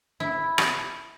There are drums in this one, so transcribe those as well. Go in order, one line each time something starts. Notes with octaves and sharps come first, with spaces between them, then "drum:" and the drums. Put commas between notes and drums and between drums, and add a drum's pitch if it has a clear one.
E4
drum: rim click